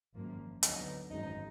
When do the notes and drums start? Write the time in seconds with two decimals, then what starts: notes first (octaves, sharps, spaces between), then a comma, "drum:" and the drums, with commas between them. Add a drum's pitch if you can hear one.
0.15 G#1 F#2 F3 A#3
0.63 D2 D3 F#3 B3 D#4, drum: hi-hat
1.11 G#1 F#2 F3 G#3 D#4